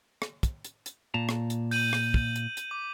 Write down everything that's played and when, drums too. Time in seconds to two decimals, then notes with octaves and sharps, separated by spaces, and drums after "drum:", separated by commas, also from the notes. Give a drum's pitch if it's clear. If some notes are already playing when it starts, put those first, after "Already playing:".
0.22 drum: rim click
0.43 drum: kick, hi-hat
0.65 drum: hi-hat
0.86 drum: hi-hat
1.14 A#2 A5 A#5
1.29 drum: rim click
1.50 drum: hi-hat
1.71 G6 D#7 F#7, drum: open hi-hat
1.93 drum: rim click
2.14 drum: kick
2.36 drum: hi-hat
2.57 drum: hi-hat
2.71 D6